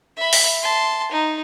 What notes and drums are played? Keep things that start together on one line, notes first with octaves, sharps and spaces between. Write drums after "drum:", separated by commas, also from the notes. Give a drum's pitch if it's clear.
E5 B5
drum: open hi-hat
A5 C6
D#4